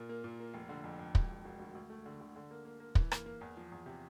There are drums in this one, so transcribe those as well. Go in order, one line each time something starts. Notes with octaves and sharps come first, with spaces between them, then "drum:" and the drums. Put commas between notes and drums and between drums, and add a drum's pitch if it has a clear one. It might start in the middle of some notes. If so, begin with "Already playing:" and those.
Already playing: A#2 F4
A#3
A#2
A#3
F1
D3
F2
F2
E1, drum: kick
E1
E1
D2
D2
A3
D3
D3
D3
A#3
A#3
A#3
E3, drum: kick
A#3, drum: rim click
A#3
E2
F3
E2
C3